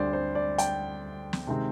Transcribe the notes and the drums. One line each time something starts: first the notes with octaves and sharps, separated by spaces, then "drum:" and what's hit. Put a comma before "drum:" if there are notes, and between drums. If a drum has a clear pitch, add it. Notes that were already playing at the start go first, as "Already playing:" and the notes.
Already playing: D2 D3 G3 C5 D5
C5
D5
G5, drum: hi-hat
drum: snare
C3 D#3 G#3 C4